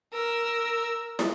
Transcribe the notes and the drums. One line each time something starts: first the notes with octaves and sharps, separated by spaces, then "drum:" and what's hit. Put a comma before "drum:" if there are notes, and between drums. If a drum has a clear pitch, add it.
A#4 E6
drum: snare